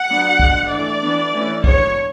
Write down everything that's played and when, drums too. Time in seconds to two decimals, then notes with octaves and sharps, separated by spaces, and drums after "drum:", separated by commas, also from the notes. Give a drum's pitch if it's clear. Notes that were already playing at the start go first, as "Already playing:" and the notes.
Already playing: F#5
0.09 F#3 B3 D4
0.40 G#3 D4, drum: kick
0.70 E3 A3 D4 D5
1.02 E3 B3 D4
1.33 E3 A3 C#4
1.64 G#3 B3 D4 C#5, drum: kick